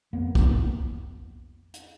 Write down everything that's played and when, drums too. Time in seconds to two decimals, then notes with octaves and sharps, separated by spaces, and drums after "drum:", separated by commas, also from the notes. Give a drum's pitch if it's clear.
0.13 F2 A#3 B3
0.35 drum: kick
1.74 drum: hi-hat